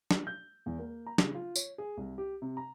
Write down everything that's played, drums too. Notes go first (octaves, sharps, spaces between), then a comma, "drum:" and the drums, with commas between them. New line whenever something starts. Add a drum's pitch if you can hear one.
drum: snare
G6
E2
A#3
A#5
C#3, drum: snare
F4
C#5, drum: tambourine
G#4
C2
G4
C3
A#5